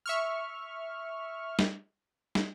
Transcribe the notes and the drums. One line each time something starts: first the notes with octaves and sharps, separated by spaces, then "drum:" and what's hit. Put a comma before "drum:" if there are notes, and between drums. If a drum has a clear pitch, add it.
E5 C#6 F6
drum: snare
drum: snare